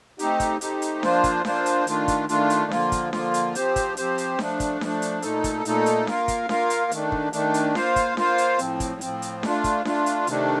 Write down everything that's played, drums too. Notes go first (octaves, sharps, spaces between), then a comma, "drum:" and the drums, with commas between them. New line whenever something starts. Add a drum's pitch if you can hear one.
A3 C4 D#4 G4, drum: hi-hat
drum: kick, hi-hat
A3 C4 D#4 G4, drum: hi-hat
drum: hi-hat
F3 A#3 D4 F4 C5, drum: snare D4
drum: kick, hi-hat
F3 A#3 D4 F4 C5, drum: snare D4
drum: hi-hat
D#3 A3 D4 F4, drum: hi-hat
drum: kick, hi-hat
D#3 A3 D4 F4, drum: hi-hat
drum: hi-hat
D3 F3 A#3 F4, drum: snare D4
drum: kick, hi-hat
D3 F3 A#3 F4, drum: snare D4
drum: hi-hat
F3 C4 G4 C5, drum: hi-hat
drum: kick, hi-hat
F3 C4 G4 C5, drum: hi-hat
drum: hi-hat
F3 A3 D4, drum: snare D4
drum: kick, hi-hat
F3 A3 D4, drum: snare D4
drum: hi-hat
A#2 A3 D#4 A4, drum: hi-hat
drum: kick, hi-hat
A#2 A3 D#4 A4, drum: hi-hat
drum: hi-hat
A#3 F4 A#4 F5, drum: snare D4
drum: kick, hi-hat
A#3 F4 A#4 F5, drum: snare D4
drum: hi-hat
D#3 A3 D4, drum: hi-hat
drum: kick
D#3 A3 D4, drum: hi-hat
drum: hi-hat
A#3 F4 C5 F5, drum: snare D4
drum: kick, hi-hat
A#3 F4 C5 F5, drum: snare D4
drum: hi-hat
A2 F3 C4, drum: hi-hat
drum: kick, hi-hat
A2 F3 C4, drum: hi-hat
drum: hi-hat
A3 D4 F4, drum: snare D4
drum: kick, hi-hat
A3 D4 F4, drum: snare D4
drum: hi-hat
C3 D#3 A3 D4, drum: hi-hat